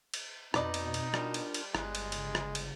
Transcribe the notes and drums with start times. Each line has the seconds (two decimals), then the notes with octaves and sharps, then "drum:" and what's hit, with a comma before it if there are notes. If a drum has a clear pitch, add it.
0.14 drum: cymbal
0.54 F2 B2 D#4 B4 D5 D#5, drum: rim click
0.74 drum: cymbal
0.94 drum: cymbal
1.14 G3 D4 F4 A#4, drum: rim click
1.34 drum: cymbal
1.54 drum: cymbal
1.75 G1 G#3 F#6, drum: rim click
1.95 drum: cymbal
2.12 C#3, drum: cymbal
2.35 drum: rim click
2.55 drum: cymbal